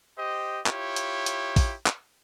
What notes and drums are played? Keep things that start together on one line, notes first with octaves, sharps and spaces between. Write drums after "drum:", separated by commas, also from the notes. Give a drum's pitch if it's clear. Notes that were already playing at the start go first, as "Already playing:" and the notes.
G4 C5 D#5
E4 F4 G4 C#5, drum: clap
drum: hi-hat
drum: hi-hat
drum: kick, open hi-hat
drum: clap